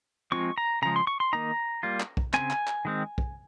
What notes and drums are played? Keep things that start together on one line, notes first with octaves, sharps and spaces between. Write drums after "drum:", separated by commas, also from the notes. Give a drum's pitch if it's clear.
F3 G#3 C4 F4 C#6
A#5
C#3 F3 G#3 A#5
C6
C#6
C6
D#3 A#3 D#4 A#5
G3 A#3 F4
drum: clap
drum: kick
C#3 G3 C4 G#5, drum: clap
drum: clap
drum: clap
D#3 G#3 C4
drum: kick